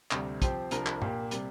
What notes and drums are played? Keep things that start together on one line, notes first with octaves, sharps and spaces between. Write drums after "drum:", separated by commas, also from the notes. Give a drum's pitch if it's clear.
D2 C3 G3, drum: clap
F3 C4 G4 C5, drum: kick, hi-hat
C2 C3 F3 D4 A#4, drum: hi-hat
drum: clap
A#2 A#3 G4, drum: tom
C3 G3, drum: hi-hat